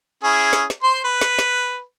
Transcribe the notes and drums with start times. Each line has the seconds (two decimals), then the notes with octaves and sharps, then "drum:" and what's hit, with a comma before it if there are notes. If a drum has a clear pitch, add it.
0.23 C#4 E4 G#4
0.53 drum: snare
0.70 drum: snare
0.83 C5 C6
1.04 B4
1.21 drum: snare
1.39 drum: snare